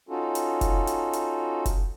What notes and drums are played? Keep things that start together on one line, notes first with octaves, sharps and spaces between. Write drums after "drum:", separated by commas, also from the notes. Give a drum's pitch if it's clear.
C#4 D#4 F4 F#4 A4
drum: hi-hat
drum: kick F1, hi-hat
drum: hi-hat
drum: hi-hat
drum: kick F1, hi-hat